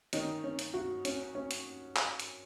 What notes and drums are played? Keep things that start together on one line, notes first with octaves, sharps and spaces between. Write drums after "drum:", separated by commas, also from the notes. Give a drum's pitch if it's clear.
D#3 C#4 D#4, drum: hi-hat
C#4
drum: hi-hat
F#4
C#4, drum: hi-hat
C#4
drum: hi-hat
drum: clap
drum: hi-hat